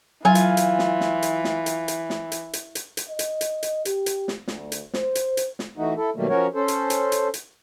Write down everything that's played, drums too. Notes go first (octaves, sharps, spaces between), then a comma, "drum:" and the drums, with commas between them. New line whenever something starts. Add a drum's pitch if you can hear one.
E3 F#3 F4 G#5
drum: hi-hat
drum: hi-hat
drum: snare
drum: snare
drum: hi-hat
drum: snare
drum: hi-hat
drum: hi-hat
drum: snare
drum: hi-hat
drum: hi-hat
drum: hi-hat
drum: hi-hat
D#5
drum: hi-hat
drum: hi-hat
drum: hi-hat
G4, drum: hi-hat
drum: hi-hat
drum: snare
D2, drum: snare
drum: hi-hat
C5, drum: snare
drum: hi-hat
drum: hi-hat
drum: snare
E3 A3 D#4 F#4
E4 A4
B2 D#3 F#3 G3 A3 A#3
F3 C#4 F#4 A#4 C#5
C#4 A4 C5
drum: hi-hat
drum: hi-hat
drum: hi-hat
drum: hi-hat